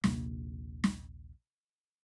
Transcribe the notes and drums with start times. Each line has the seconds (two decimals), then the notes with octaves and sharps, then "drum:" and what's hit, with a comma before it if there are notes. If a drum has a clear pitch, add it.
0.04 A#1 D#2 C3 A#3, drum: snare
0.84 drum: snare